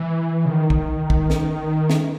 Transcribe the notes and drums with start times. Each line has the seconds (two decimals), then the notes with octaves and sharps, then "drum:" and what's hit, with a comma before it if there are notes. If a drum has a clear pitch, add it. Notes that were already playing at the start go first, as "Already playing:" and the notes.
Already playing: E3
0.45 C#3
0.50 D#3
0.70 drum: kick
1.10 drum: kick
1.30 drum: snare
1.90 drum: snare